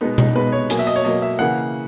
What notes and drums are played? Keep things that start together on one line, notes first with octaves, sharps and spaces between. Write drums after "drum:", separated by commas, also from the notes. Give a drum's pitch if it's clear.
B2 G#3 B3 D#4
D#4, drum: tom B2
B2 G#3 B3 B4
C#5
B2 F#3 A#3 G#5, drum: hi-hat
E5
D#5
C#5
B2 F#3 A#3 D#5
E5
C#3 E3 A#3 F#5